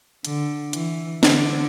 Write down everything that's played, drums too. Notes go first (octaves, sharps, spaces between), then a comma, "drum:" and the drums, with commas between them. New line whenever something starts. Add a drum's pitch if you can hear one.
D3, drum: hi-hat
E3, drum: hi-hat
D3, drum: snare